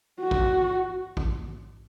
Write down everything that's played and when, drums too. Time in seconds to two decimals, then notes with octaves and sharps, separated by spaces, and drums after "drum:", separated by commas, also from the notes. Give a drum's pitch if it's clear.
0.21 F#4
0.31 drum: kick A1
1.17 drum: kick A1